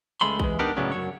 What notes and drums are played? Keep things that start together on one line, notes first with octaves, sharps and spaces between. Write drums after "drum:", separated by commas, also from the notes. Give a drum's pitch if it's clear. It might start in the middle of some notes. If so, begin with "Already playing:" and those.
C#2 C#3 G#3 A3 B5 C6
E3 G#3, drum: kick
B3 D4 D#4 G4 A#4 B4
A2 C#3 F#3 B3 C#4 D4
F#2 F#3 C#5